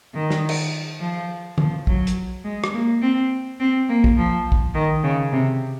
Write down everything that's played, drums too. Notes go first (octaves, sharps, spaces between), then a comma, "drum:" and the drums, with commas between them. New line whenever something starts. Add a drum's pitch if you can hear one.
D#3
drum: snare
drum: cymbal
F3
F3, drum: tom D3
F#3, drum: kick
drum: hi-hat
G#3
drum: rim click
A#3
C4
C4
A#3
drum: kick
F3
drum: kick
D#3
C#3
C3